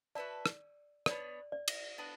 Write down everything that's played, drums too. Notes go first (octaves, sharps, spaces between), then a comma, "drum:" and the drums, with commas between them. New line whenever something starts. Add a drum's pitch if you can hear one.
F#4 B4 D5 E5 A5
drum: rim click
B3 D4 G#4 C#5 D5, drum: rim click
D5
drum: cymbal
B3 D4 F#4